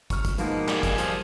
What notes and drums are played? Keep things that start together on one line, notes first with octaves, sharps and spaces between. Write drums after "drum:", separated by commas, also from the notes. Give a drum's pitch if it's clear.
C#6 F6, drum: kick, hi-hat
drum: kick, hi-hat
G#2 B2 F3 G#3 A#3, drum: hi-hat
G3 G#4, drum: clap
drum: kick, hi-hat
F3, drum: hi-hat